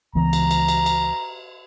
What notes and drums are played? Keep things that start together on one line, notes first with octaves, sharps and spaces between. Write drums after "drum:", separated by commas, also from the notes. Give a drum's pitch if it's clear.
C#2 E3 B3 A#5
drum: cymbal
drum: cymbal
drum: cymbal
drum: cymbal